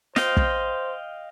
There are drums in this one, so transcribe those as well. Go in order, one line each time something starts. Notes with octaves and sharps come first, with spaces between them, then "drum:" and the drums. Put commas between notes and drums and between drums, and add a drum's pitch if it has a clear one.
C5 D#5 F5 G5, drum: snare
drum: kick